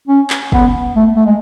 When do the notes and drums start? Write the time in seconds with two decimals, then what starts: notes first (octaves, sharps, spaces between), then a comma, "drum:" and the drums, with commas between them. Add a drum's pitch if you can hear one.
0.08 C#4
0.30 drum: clap
0.52 B3, drum: kick
0.96 A3
1.16 A3
1.26 G#3